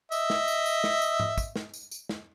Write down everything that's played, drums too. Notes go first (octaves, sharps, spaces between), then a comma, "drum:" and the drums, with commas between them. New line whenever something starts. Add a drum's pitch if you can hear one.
D#5 E5, drum: tambourine
drum: snare
drum: tambourine
drum: tambourine
drum: snare
drum: tambourine
drum: tom G#2
drum: kick, tambourine
drum: snare
drum: tambourine
drum: tambourine
drum: snare